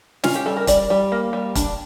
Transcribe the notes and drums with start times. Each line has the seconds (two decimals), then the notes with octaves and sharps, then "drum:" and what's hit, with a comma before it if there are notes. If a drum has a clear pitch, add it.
0.24 C#4 F4, drum: snare
0.35 G4
0.46 G3 A4
0.57 A#4
0.67 G3 D5, drum: kick, hi-hat
0.90 G3
1.12 A#3
1.33 G3
1.55 D4, drum: kick, hi-hat